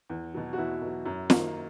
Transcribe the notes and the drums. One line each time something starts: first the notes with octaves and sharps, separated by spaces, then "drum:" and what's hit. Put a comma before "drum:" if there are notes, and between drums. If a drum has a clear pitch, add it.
E2
B2 F#3
F#4
E2 E4
B2 F#3
F#2
D#3 A#3, drum: snare